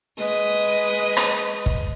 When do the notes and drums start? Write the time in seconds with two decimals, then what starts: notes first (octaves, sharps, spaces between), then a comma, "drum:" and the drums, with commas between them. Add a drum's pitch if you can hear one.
0.18 G#3 B4 D#5
1.17 drum: rim click
1.66 drum: kick